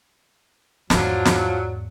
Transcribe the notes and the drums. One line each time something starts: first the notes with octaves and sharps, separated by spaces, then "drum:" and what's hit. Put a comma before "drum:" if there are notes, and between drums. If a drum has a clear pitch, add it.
E2 G#2 F3 F#3 D4 F4, drum: snare
drum: snare